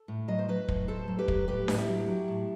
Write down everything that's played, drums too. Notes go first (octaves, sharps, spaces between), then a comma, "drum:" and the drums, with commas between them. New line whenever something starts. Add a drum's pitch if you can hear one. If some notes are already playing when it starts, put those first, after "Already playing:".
Already playing: A4
A2
F#3 D#5
C5
F#3 B4 D#5
A2, drum: kick
A2 A4 C5
F#3
G4 B4
F#3, drum: kick
A2 G4 B4
A2, drum: snare D4
E4 G4
F#3
F#3
A2